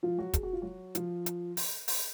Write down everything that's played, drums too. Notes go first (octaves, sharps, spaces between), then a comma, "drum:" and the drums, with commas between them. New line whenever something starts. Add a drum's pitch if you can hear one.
F3 F4
F#3 F#4
G#4, drum: kick, hi-hat
F#4
F4
F#3 F#4
F3 F4, drum: hi-hat
drum: hi-hat
drum: open hi-hat
drum: open hi-hat